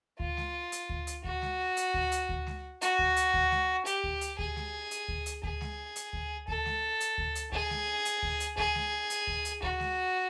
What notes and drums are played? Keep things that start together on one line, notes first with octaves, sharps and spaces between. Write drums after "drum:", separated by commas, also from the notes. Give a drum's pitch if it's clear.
F4, drum: kick D2
drum: snare G#3
drum: hi-hat
drum: kick D2
drum: hi-hat
F#4, drum: kick D2
drum: snare G#3
drum: hi-hat
drum: kick D2
drum: hi-hat
drum: kick D2
drum: snare G#3
F#4, drum: hi-hat
drum: kick D2
drum: hi-hat
drum: kick D2
drum: snare G#3
G4, drum: hi-hat
drum: kick D2
drum: hi-hat
G#4, drum: kick D2
drum: snare G#3
drum: hi-hat
drum: kick D2
drum: hi-hat
G#4, drum: kick D2
drum: snare G#3
drum: hi-hat
drum: kick D2
A4, drum: kick D2
drum: snare G#3
drum: hi-hat
drum: kick D2
drum: hi-hat
G#4, drum: kick D2
drum: snare G#3
drum: hi-hat
drum: kick D2
drum: hi-hat
G#4, drum: kick D2
drum: snare G#3
drum: hi-hat
drum: kick D2
drum: hi-hat
F#4, drum: kick D2
drum: snare G#3